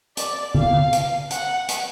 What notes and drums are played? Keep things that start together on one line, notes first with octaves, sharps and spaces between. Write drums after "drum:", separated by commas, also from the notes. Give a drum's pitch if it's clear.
D5, drum: hi-hat
F5, drum: tom D3
drum: hi-hat
F#5, drum: hi-hat
drum: hi-hat